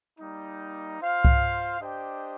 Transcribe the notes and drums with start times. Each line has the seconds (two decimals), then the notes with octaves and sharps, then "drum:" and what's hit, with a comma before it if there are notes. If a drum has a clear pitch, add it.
0.18 G3 A#3 D#4
0.99 F4 C5 F5
1.25 drum: kick C2
1.80 D4 G4 C5 D#5 G5